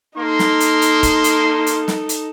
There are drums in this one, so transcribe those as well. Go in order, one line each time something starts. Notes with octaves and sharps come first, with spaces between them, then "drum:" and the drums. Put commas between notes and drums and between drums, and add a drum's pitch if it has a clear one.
A#3 D#4 A4 C6
drum: snare
drum: hi-hat
drum: hi-hat
drum: kick F1, hi-hat
drum: hi-hat
drum: hi-hat
drum: snare
drum: hi-hat